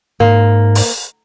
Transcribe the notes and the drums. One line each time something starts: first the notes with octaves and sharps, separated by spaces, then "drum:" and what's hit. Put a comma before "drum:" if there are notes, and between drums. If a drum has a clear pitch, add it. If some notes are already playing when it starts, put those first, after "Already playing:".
G#2 A#3
drum: open hi-hat